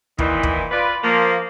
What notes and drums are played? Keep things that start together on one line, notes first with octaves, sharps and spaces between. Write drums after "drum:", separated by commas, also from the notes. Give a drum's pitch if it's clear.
A#2 D#3 E3, drum: kick
drum: kick
F4 B4 D5
F3 A#3